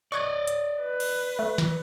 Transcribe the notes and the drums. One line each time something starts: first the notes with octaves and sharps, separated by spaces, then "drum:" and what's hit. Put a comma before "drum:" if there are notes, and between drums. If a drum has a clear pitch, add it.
D5 D#5 C#6 F#6 G#6
drum: hi-hat
B4
drum: cymbal
A3
drum: snare